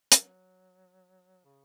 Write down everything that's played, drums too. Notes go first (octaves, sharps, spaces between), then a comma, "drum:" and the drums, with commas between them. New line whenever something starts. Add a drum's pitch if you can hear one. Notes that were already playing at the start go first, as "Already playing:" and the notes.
F#3, drum: hi-hat
C#3